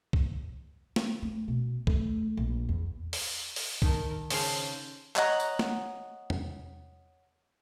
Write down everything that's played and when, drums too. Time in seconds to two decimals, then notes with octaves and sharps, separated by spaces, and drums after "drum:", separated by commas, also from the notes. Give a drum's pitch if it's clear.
0.13 drum: kick C2
0.96 drum: snare
1.23 A3
1.48 B2
1.87 A3, drum: kick C2
2.37 A#1
2.69 E2
3.13 drum: open hi-hat
3.56 drum: open hi-hat
3.82 D#3 A4 A#4, drum: kick C2
4.30 C#3 C#4 A4 C5 F5, drum: open hi-hat
5.16 C#5 D#5 F#5 A#5, drum: clap
5.40 drum: tambourine
5.59 drum: snare
6.30 drum: tom E2